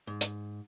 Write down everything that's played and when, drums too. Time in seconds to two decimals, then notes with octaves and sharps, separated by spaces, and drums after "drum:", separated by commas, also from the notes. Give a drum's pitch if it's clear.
0.07 G#2
0.21 drum: hi-hat